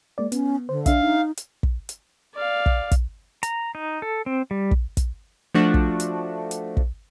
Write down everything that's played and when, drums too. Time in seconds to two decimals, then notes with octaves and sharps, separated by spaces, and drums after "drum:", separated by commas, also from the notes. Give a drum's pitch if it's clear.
0.18 G#3 A#3 D5
0.32 B3 C#4, drum: hi-hat
0.69 D3 C5
0.86 D4 E5 F5, drum: kick, hi-hat
1.02 D#4
1.37 drum: hi-hat
1.63 drum: kick
1.89 drum: hi-hat
2.35 D5 F5
2.66 drum: kick
2.91 drum: kick, hi-hat
3.43 A#5, drum: hi-hat
3.75 D#4
4.02 A4
4.26 C4
4.51 G3
4.71 drum: kick
4.97 drum: kick, hi-hat
5.54 F3 A3 D4 F#4
5.74 drum: kick
6.00 drum: hi-hat
6.51 drum: hi-hat
6.77 drum: kick